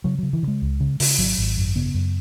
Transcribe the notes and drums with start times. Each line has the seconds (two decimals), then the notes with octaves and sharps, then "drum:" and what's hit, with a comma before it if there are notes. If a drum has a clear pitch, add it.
0.04 C#3 F#3
0.18 C#3 F#3
0.33 E3
0.43 C#3 G#3
0.62 C#2
0.80 C#3
1.00 C#3, drum: open hi-hat
1.18 G#1 F#3
1.38 G#1
1.57 F#2
1.76 C#3 B3
1.94 F#2